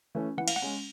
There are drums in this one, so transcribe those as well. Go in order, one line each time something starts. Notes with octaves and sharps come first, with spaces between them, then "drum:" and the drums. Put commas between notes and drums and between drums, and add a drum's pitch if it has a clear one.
E3 A3 C#4
E3 F#5
F5, drum: cymbal
F#5
G#3 C#4